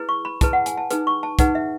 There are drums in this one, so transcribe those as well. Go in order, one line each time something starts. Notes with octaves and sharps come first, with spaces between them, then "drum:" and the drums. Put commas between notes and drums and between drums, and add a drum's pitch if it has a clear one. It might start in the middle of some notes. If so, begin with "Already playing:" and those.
Already playing: E4 G#4 B4
C#6
B5
E4 G#4 B4 A5, drum: kick, hi-hat
F#5
G#5, drum: hi-hat
A5
D#4 G#4 B4, drum: hi-hat
C#6
A5
D#4 G#4 B4 F#5, drum: kick, hi-hat
E5